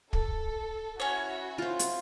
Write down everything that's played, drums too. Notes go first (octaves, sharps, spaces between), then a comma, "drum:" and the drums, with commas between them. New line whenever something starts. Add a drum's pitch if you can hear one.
A4, drum: kick
C#4 E4 F#4 C#5
F4 C5
drum: hi-hat